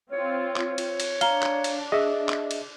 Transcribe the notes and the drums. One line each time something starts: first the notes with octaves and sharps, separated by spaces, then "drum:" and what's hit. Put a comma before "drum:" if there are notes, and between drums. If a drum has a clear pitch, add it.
C4 F4 C#5
drum: clap
drum: cymbal
drum: cymbal
D4 F5 A#5 G7, drum: cymbal
drum: clap
drum: cymbal
G#4 D#5 E5
drum: clap
drum: cymbal